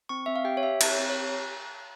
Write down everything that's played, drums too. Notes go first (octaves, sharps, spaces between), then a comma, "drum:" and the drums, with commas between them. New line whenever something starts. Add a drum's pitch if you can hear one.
C4 C#6
C4 E5
F5
G4 G5
C#5
G4 E5
C4, drum: cymbal
C#5
C4
C#5
G4